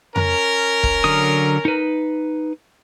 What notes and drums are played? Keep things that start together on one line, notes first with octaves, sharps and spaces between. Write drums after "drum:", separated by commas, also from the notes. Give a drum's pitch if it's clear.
C#4 A#4, drum: tom F2
drum: kick
D3 F#3 D#6
D#4 B4